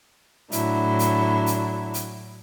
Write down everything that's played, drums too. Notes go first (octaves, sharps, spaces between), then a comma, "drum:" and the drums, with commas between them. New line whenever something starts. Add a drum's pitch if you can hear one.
A2 F#3 D4 E4, drum: hi-hat
drum: hi-hat
drum: hi-hat
drum: hi-hat